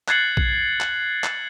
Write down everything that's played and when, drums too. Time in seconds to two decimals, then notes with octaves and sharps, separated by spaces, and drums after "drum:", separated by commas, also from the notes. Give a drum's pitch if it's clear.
0.08 F#6 G#6 A6 C7 C#7 F#7, drum: clap
0.37 drum: kick
0.80 drum: clap
1.24 drum: clap